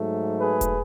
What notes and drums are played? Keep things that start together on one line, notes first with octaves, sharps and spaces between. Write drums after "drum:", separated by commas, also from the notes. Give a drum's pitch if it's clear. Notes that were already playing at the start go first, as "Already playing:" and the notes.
Already playing: G#2 F#3 A3
G#4 B4
drum: kick E1, hi-hat